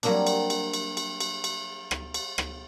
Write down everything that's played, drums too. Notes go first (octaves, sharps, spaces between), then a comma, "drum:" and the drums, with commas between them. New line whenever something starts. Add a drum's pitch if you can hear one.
F#3 G3 A#3 C4 D4, drum: cymbal
drum: cymbal
drum: cymbal
drum: cymbal
drum: cymbal
drum: cymbal
drum: cymbal
drum: rim click
drum: cymbal
drum: rim click